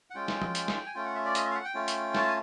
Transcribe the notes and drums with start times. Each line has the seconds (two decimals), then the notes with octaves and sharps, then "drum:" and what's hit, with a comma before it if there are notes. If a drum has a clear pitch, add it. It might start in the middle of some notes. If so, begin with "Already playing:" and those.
0.10 F#5
0.15 G#3 C#4 F4 G5
0.28 drum: snare
0.42 drum: tom F3
0.55 drum: hi-hat
0.68 drum: snare
0.86 G#5
0.95 A3 C#4 F4 G5
1.05 F#5
1.15 E5
1.25 D5
1.35 D#5, drum: hi-hat
1.45 E5
1.51 F5
1.55 F#5
1.65 G5
1.74 A3 C#4 F4
1.88 drum: hi-hat
2.15 A5, drum: snare
2.28 G#5